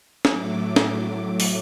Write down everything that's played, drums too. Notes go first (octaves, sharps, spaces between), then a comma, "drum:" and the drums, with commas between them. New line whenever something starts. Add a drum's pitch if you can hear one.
A2 F#3 A3 D6, drum: snare
drum: snare
drum: open hi-hat